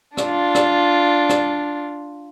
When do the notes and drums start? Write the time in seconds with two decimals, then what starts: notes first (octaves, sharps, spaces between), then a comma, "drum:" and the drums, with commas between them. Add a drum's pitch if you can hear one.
0.17 D4 F4, drum: rim click
0.55 drum: rim click
1.29 drum: rim click